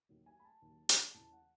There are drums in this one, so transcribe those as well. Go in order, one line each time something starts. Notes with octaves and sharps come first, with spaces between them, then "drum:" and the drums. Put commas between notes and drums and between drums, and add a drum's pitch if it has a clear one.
D#2 D#3 F#3
G#5
B5
A5
D#2 D#3 F#3
drum: hi-hat
E2 C#3 E3 A5
F#5